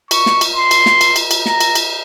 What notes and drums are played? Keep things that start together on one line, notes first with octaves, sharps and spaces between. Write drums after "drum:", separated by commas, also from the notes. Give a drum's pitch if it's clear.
C#6, drum: cymbal
drum: snare
drum: cymbal
C6
drum: cymbal
drum: snare
drum: cymbal
drum: cymbal
drum: cymbal
A#5, drum: snare
drum: cymbal
drum: cymbal